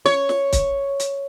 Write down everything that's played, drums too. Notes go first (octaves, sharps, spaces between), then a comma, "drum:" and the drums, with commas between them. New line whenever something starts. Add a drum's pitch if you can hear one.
C#5, drum: snare
drum: snare
drum: kick, hi-hat
drum: hi-hat